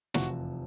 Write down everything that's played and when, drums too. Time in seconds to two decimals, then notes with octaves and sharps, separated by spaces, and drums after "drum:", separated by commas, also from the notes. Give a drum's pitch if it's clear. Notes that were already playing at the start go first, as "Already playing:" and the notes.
0.14 F1 E2 C3 F3 F#4, drum: snare